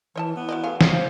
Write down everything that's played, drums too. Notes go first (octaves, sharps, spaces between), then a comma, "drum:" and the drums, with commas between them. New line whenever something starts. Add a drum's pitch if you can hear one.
E3 C#5 D#5 A5
B3 E4
F#4 D5 D#5
A3 G#4 F5
B3 C#4 G4 C#5, drum: snare
C5 F5